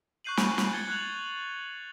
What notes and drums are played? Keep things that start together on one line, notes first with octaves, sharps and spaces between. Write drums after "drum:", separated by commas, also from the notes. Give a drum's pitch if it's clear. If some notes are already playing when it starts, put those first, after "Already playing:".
C#6 F#6 G6 C7 D#7 F#7
drum: snare
drum: snare
G#6 A6 C#7 G7
F#6 G#6 F7 F#7